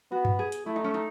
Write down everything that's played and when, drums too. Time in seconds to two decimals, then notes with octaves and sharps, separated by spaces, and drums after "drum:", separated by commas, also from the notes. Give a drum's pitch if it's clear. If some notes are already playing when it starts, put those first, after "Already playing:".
0.11 B3 F#4
0.25 drum: tom F#2
0.39 G#4
0.52 drum: hi-hat
0.66 A3 E4
0.76 D#4
0.84 C#4
0.94 D#4